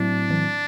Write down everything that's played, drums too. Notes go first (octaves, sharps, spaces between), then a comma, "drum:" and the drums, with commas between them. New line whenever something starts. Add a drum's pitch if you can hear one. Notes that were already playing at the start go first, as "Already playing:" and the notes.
Already playing: A2 F#3 C4 D4 E4
drum: tom D#3